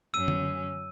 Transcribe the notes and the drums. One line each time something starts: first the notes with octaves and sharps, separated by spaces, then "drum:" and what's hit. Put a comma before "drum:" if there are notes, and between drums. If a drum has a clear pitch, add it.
F#2 C#4 E6 D#7
drum: tom D3